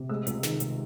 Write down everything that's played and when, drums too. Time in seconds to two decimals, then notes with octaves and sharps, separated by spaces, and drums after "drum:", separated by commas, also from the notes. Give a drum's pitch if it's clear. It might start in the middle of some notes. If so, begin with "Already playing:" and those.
Already playing: C3
0.09 G#3 E6
0.27 C#2, drum: hi-hat
0.43 D#3, drum: snare
0.60 C3, drum: hi-hat